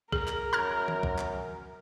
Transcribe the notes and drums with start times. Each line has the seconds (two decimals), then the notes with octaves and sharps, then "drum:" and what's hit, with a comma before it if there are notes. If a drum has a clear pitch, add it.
0.12 G#4 A#4, drum: kick
0.28 drum: clap
0.53 F#2 A#5 F6 G#6
0.88 drum: tom D#3
1.03 drum: kick
1.18 drum: clap